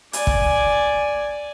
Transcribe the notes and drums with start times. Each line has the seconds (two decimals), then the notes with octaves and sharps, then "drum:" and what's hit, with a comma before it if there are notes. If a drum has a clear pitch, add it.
0.13 D5 G#5, drum: hi-hat
0.27 drum: kick